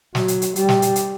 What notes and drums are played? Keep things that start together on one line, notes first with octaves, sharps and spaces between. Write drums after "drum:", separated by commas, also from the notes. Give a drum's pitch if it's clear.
F#3, drum: snare
drum: hi-hat
drum: hi-hat
G3, drum: hi-hat
drum: snare
drum: hi-hat
drum: hi-hat